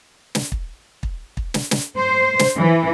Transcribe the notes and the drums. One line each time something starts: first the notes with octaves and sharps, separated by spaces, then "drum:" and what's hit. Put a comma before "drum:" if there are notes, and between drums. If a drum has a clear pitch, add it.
drum: snare
drum: kick
drum: kick
drum: kick
drum: snare
drum: snare
C5
drum: snare
E3